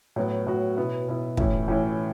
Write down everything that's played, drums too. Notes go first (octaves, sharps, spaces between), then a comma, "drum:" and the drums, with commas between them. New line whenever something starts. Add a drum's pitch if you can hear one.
A2 F#3 B3 F#4
A2 F#3 B3 F#4
B2 B3 E4
B2 B3 E4
A2 E3 C#4 E4, drum: kick
A2 E3 C#4 E4